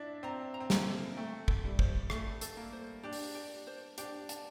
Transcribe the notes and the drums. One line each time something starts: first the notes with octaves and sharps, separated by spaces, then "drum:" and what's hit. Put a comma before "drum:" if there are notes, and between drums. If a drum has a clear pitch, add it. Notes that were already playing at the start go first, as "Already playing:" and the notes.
Already playing: D4 E4 D5
C4 A#5
A#5
C4
A#3, drum: snare
A4
A3 G5
A4, drum: kick
G3
C5, drum: kick
A3 A4, drum: rim click
A4, drum: hi-hat
A#3
C5
D4 G4
drum: open hi-hat
G4
C5
D4 G4, drum: hi-hat
A5, drum: hi-hat